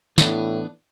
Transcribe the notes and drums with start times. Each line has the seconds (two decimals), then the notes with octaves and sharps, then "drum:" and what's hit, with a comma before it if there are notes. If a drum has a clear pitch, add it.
0.18 A2 E3 B3 D4, drum: snare